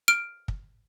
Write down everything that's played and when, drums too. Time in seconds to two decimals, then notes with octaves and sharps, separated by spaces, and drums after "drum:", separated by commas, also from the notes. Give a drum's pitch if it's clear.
0.08 F6 D7
0.48 drum: kick